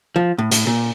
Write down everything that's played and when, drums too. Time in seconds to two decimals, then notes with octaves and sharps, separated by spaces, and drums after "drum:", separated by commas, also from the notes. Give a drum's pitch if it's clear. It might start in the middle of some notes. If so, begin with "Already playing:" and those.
0.16 F3
0.38 A2
0.51 A2, drum: hi-hat
0.67 A#2